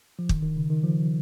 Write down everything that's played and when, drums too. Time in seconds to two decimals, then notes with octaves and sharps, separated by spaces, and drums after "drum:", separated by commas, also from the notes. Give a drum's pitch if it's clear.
0.19 F3
0.29 D#3, drum: kick
0.42 D#3
0.57 C#3
0.70 D#3
0.83 F3